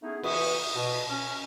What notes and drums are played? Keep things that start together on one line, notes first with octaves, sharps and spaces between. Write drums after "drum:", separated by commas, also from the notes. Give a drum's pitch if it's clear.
A3 B3 C#4 D#4 E4 G#4
B2 E3 E5 C#6 D#6, drum: cymbal
B2
C#4